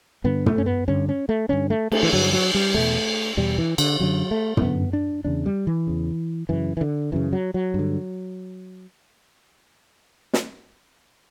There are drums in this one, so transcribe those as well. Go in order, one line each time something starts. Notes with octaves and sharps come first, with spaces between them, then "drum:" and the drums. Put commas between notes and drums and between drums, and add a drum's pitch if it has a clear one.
G2 D3 B3
A3, drum: tom
C#4
B3
G2 D3 C#4
C#4
A3
G2 D3 C#4
A3
A3, drum: cymbal
E3
G2 D3 F#3
F#3
G3
E2 B2 A3
E2 B2 G3
E3
D3, drum: cymbal
F#2 D3 F#3
A3
C#4, drum: tom
F#2 D3 B3
D4
E2 C#3 D4
G3
E3
E2 C#3
F#2 C#3 E3
E3
D3
F#2 C#3 E3
F#3
F#3
G2
D3
drum: snare